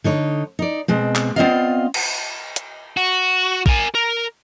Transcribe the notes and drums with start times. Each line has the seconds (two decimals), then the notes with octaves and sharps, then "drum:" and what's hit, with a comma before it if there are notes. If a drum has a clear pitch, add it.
0.04 D3 D#4 C#5
0.59 D#4 D5
0.88 B2 G#3 C4
1.15 drum: clap
1.36 B3 C4 F4 D5 D#5 F5
1.94 drum: cymbal
2.56 drum: hi-hat
2.97 F#4
3.66 A#4 G#5, drum: kick A#1
3.95 A#4